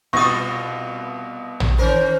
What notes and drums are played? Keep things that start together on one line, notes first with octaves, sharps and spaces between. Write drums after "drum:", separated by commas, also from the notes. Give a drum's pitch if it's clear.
C2 B2 B3 F4 F#4 C#6 D#6 A#6
drum: tom
D#3 C#4 A#4 C5